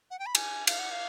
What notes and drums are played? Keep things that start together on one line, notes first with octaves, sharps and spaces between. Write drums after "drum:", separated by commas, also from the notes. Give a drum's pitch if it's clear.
F#5
G5
B5
G#5, drum: cymbal
F5, drum: cymbal
F#5
F5